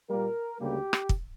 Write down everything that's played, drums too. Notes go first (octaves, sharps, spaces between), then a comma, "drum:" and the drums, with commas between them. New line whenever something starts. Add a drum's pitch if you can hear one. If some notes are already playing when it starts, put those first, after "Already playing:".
A#2 G3 A#3 A#4
D2 C#3 G3 A#3 G4
drum: rim click
drum: kick